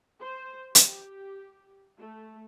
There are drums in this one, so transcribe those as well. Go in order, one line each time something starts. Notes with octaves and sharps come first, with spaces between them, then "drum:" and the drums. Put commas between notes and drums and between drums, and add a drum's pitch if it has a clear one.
C5
G4, drum: hi-hat
A3